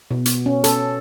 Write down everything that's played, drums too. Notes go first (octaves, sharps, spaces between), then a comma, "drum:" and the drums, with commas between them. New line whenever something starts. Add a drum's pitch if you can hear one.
B2
drum: hi-hat
C#4
A4, drum: hi-hat